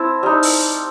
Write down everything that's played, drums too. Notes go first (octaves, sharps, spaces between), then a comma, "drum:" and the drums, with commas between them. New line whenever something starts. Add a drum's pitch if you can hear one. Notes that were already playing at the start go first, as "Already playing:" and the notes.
Already playing: C4 E4 A5
G3 D#4
drum: open hi-hat